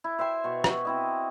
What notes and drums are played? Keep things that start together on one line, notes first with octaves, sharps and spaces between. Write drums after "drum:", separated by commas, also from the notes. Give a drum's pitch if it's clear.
E4
C5 E5 G5 C6
B2 C#6
F#4, drum: rim click
C4 E4 D#5